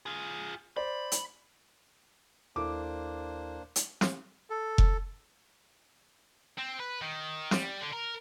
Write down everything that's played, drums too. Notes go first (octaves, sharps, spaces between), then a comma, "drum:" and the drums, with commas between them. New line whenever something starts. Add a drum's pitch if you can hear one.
F4 G#4
C5 D5 B5
drum: hi-hat
D#2 A#3 D4 E4 A4 C5 D6
drum: hi-hat
drum: snare
A4
drum: kick F1
C4
B4
D#3
G3, drum: snare
D3
A#4